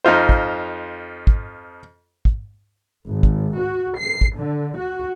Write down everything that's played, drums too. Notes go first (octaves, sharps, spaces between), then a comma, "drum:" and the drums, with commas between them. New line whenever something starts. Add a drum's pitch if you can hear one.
F2 D#4 F4 C5
drum: kick
drum: kick
drum: kick
G#1
drum: kick
F#4
C7
drum: kick
D3
F#4